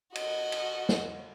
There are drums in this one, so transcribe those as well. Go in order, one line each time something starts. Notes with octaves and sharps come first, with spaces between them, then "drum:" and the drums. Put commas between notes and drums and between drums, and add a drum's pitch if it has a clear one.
F#4 D#5, drum: cymbal
drum: cymbal
drum: snare